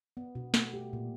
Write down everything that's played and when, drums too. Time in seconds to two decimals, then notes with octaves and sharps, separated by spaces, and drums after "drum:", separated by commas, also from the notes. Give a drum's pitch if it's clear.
0.17 B3
0.35 B2
0.54 A3, drum: snare
0.74 G4
0.93 A#2